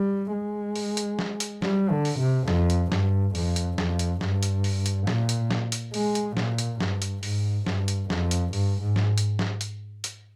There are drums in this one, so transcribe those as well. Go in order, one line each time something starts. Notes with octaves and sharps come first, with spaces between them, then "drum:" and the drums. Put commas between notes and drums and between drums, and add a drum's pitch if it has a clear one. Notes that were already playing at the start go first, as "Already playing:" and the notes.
Already playing: G3
G#3
drum: open hi-hat
drum: hi-hat
drum: snare
drum: hi-hat
G3, drum: snare
D3
drum: open hi-hat
C3
F2, drum: snare
drum: hi-hat
G2, drum: snare
F2, drum: open hi-hat
drum: hi-hat
F2, drum: snare
drum: hi-hat
G2, drum: snare
drum: hi-hat
drum: open hi-hat
drum: hi-hat
A#2, drum: snare
drum: hi-hat
drum: snare
drum: hi-hat
G#3, drum: open hi-hat
drum: hi-hat
A#2, drum: snare
drum: hi-hat
G2, drum: snare
drum: hi-hat
G#2, drum: open hi-hat
G2, drum: snare
drum: hi-hat
F2, drum: snare
drum: hi-hat
G2, drum: open hi-hat
G#2
drum: snare
drum: hi-hat
drum: snare
drum: hi-hat
drum: hi-hat